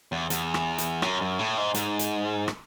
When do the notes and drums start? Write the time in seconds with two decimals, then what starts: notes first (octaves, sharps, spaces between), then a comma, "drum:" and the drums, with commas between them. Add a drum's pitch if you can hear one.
0.12 E2
0.30 E2, drum: hi-hat
0.54 drum: rim click
0.78 drum: hi-hat
1.02 F#2, drum: rim click
1.21 F#2
1.39 A2
1.57 G#2
1.75 G#2, drum: hi-hat
1.99 drum: hi-hat
2.48 drum: rim click